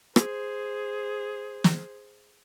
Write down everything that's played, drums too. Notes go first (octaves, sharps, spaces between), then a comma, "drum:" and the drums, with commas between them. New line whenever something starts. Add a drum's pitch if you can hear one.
G#4 C5, drum: rim click
drum: snare